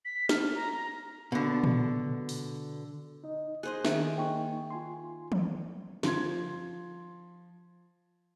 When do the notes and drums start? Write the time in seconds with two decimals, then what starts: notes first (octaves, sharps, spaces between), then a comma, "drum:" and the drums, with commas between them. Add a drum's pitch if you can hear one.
0.05 B6
0.29 F6, drum: snare
0.55 A#5
0.73 A#5
1.32 B2 D3
1.64 drum: tom A#2
2.29 drum: open hi-hat
3.24 D#4 D#5
3.63 G#4 C5 D#5 C6 F#6
3.85 D#3 G#4 E5, drum: snare
4.18 A#3 D#4 G5 C#6
4.71 F4 G#5 C6
5.32 drum: tom D#3
6.03 F3 C6 G#6, drum: snare